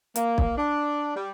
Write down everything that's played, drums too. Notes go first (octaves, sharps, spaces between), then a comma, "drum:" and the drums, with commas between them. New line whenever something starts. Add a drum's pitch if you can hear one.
A#3, drum: hi-hat
drum: kick B1
D4
G3